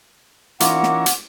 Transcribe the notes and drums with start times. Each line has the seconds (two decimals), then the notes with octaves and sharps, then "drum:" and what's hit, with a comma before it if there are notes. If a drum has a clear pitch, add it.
0.60 E3 A#3 C#4 D#4 F4 A#4 F#5 D6, drum: hi-hat
0.83 drum: snare
1.06 drum: hi-hat